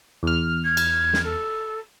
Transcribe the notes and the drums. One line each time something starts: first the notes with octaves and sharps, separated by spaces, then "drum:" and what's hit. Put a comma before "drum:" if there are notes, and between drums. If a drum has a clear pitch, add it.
E2 F6
G#6
drum: cymbal
drum: snare
A4